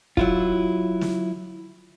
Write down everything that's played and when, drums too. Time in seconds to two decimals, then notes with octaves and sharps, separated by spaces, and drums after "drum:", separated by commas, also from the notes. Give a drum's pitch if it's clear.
0.17 F#3 E4 F4, drum: kick
1.01 drum: snare